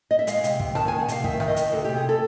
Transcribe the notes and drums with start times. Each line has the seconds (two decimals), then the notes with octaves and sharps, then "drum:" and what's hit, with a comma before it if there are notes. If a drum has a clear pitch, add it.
0.11 D#5
0.19 E5
0.27 G#3 F5, drum: hi-hat
0.44 C3, drum: hi-hat
0.60 C3, drum: kick
0.75 D#3 A5, drum: rim click
0.88 D#3 G#5
1.00 F#5
1.08 C3 F5, drum: hi-hat
1.24 D#3 E5, drum: kick
1.40 D#3, drum: rim click
1.48 D#5
1.56 D#3, drum: hi-hat
1.72 D2 A4
1.85 C3 G4
1.97 G#4
2.09 A4